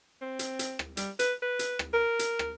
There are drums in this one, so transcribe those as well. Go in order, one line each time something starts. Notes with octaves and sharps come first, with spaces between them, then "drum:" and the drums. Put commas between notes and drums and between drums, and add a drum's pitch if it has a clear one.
C4
drum: hi-hat
drum: hi-hat
drum: rim click
G3, drum: hi-hat
B4, drum: hi-hat
B4
drum: hi-hat
drum: rim click
A#4
drum: hi-hat
drum: rim click